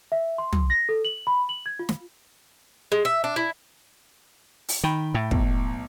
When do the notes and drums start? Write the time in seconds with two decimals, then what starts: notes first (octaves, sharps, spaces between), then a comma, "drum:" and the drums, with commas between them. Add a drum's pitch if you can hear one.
0.12 E5
0.38 C6
0.53 drum: tom
0.70 A#6
0.89 A4
1.05 F#7
1.27 B5
1.49 F#7
1.66 G#6
1.79 F4
1.89 drum: snare
2.92 G#3
3.05 E5
3.24 D4
3.36 E4
4.69 drum: open hi-hat
4.84 D#3 G5 B5
5.14 A2
5.31 B1, drum: kick